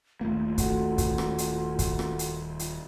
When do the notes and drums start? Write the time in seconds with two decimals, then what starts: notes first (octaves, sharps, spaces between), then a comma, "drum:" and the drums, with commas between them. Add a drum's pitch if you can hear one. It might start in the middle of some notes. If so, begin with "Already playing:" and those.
0.21 D#1 A3 A#3 F4
0.58 F#4 A4 F#5, drum: kick, hi-hat
0.98 drum: kick, hi-hat
1.18 drum: rim click
1.38 drum: hi-hat
1.79 drum: kick, hi-hat
1.99 drum: rim click
2.19 drum: hi-hat
2.59 drum: hi-hat